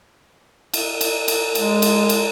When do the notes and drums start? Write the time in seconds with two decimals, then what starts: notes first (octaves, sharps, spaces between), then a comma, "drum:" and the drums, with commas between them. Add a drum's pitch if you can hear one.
0.74 drum: cymbal
1.01 drum: cymbal
1.28 drum: cymbal
1.55 G#3, drum: cymbal
1.82 drum: cymbal
2.09 drum: cymbal